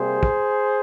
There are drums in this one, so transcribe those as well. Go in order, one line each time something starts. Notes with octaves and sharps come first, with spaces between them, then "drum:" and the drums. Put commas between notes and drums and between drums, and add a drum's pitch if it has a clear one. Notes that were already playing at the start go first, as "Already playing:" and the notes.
Already playing: C3 G3 A#3 G#4 C5
drum: kick